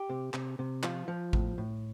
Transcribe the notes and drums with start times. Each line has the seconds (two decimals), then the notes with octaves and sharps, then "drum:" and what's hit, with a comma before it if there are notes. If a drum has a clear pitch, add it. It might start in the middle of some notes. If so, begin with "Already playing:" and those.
Already playing: G4
0.10 C3
0.34 C3, drum: clap
0.59 C3
0.83 F3 F4, drum: clap
1.08 F3
1.33 A2, drum: kick A1
1.58 A2